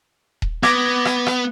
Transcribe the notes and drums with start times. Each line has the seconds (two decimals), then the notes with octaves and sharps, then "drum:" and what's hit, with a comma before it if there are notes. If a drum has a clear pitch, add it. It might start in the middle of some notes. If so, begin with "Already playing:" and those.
0.42 drum: kick D#1
0.63 B3 D6 G#6 A#6, drum: rim click
1.05 drum: rim click
1.26 drum: rim click